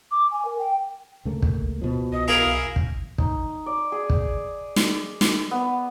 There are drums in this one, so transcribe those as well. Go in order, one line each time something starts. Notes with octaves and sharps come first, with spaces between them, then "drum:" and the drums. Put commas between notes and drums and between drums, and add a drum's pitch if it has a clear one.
D6
G#5
A#4
G5
D2 C#3 A3 A#3
drum: kick
B2 F3
C2 D#5
E4 G#4 A#4 F5
C2
drum: kick
D#4, drum: kick
D5
G#4
drum: kick
drum: snare
drum: snare
B3